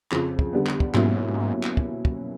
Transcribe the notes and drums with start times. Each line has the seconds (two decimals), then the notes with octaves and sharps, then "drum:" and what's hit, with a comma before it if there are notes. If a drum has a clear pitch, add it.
0.12 F2 C#3 F3, drum: clap
0.39 drum: kick
0.53 D3 G3 B3
0.66 drum: clap
0.80 drum: kick
0.94 G#2 B2 F#3 A#3 C#4 E4, drum: clap
1.63 drum: clap
1.77 drum: kick
2.05 drum: kick